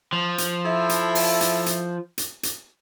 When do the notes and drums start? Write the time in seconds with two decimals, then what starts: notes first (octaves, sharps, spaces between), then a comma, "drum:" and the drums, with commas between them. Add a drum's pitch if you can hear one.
0.13 F3
0.38 drum: hi-hat
0.65 E4 A4 E5
0.89 drum: hi-hat
1.15 drum: open hi-hat
1.41 drum: hi-hat
1.66 drum: hi-hat
2.18 drum: hi-hat
2.43 drum: hi-hat